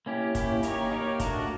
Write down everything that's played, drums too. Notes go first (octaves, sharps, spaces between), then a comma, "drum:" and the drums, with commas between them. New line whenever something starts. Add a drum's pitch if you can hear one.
A#3 C#4 E4 G4
A#3 C#4 E4 G4, drum: kick, hi-hat
A#3 D#4 G4 A#4 C#5, drum: hi-hat
A#3 D#4 G4 A#4 C#5
A3 D4 F#4 A#4, drum: kick, hi-hat